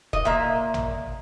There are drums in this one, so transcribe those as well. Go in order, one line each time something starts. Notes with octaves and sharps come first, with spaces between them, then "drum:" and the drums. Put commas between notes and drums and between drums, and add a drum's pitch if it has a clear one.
D#5, drum: kick E1
A#2 A#3 E5
drum: tom A1